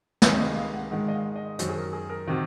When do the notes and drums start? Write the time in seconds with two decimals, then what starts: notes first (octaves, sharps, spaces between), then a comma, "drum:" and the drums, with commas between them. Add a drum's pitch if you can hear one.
0.22 C#2 C3 D#3 G#3 C#5, drum: snare
0.40 D#5
0.56 F5
0.74 F#5
0.90 G#2 D#3 G#3 F#5
1.08 D#5
1.14 F5
1.36 D#5
1.59 F#2 D#3 F#3 C5, drum: hi-hat
1.69 G#4
1.76 A#4
1.93 G#4
2.10 A#4
2.27 C3 D#3 F#4